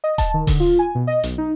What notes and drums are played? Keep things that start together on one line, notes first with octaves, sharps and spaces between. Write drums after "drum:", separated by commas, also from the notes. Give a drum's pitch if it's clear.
D#5
A5, drum: kick D#1, hi-hat
D#3
D3, drum: kick D#1, open hi-hat
F4
G#5
B2
D#5
B1, drum: hi-hat
D#4